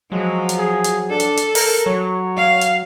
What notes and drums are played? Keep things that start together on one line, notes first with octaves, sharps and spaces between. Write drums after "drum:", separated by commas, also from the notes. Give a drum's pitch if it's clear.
F3 F#3 G#3
drum: hi-hat
G#4
drum: hi-hat
D4 A4
drum: hi-hat
drum: hi-hat
A#4, drum: open hi-hat
F#3 C#5
F5
drum: hi-hat